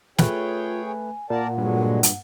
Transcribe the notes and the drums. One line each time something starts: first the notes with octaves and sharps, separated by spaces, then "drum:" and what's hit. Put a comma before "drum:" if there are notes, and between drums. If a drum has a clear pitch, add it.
A3 F4 G#4 B4 C#5 G5, drum: snare
G#5
A#2 A#4 D5 F#5 A5
G2 D3 F#3 G#3
drum: hi-hat